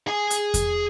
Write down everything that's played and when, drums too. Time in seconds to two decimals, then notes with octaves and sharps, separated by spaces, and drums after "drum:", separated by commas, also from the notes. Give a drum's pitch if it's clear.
0.07 G#4 G#5
0.30 drum: hi-hat
0.54 drum: kick E2, hi-hat